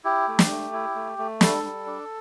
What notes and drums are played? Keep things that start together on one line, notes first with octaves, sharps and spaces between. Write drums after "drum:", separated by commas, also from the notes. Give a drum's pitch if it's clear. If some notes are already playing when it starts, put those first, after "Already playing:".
E4 G4
A3
drum: snare
A3
E4
A3
A3
G3 A4, drum: snare
G3
D4